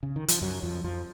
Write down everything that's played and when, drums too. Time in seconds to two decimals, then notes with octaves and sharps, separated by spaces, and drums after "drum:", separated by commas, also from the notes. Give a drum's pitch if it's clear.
0.03 C#3
0.16 D#3
0.28 F3, drum: hi-hat
0.42 F#2 F#3
0.63 F2 F3
0.84 F2 F3